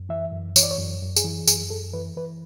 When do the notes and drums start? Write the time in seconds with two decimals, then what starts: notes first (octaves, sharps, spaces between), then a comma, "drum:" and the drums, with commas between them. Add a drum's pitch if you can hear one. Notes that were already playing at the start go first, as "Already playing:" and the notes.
Already playing: F#2
0.09 E3 E5
0.32 F#2
0.56 E3 C#5, drum: tambourine
0.63 D5
0.71 C#5
0.78 F#2
1.02 F#2
1.16 G#4, drum: tambourine
1.24 E3
1.47 F#2 G#4, drum: tambourine
1.70 F#2 A4
1.94 E3 B4
2.16 E3 B4